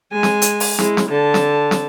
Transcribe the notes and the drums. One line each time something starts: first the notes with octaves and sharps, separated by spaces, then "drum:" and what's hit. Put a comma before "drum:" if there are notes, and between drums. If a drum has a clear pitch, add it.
G#3 G#5
drum: snare
drum: hi-hat
drum: open hi-hat
G#3 E4, drum: snare
drum: snare
D3 A5
drum: snare
drum: snare